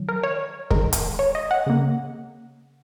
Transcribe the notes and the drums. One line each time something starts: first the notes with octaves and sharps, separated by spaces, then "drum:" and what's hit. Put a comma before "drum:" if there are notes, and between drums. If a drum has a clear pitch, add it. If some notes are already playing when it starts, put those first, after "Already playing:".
Already playing: D#3 F#3
A#4
C#5
D#3 G#3 A#4, drum: kick
drum: hi-hat
C#5
D#5
F#5
C#3 A#3